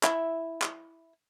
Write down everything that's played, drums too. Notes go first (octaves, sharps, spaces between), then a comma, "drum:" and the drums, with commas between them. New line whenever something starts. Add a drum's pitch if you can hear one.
E4 E5, drum: clap
drum: clap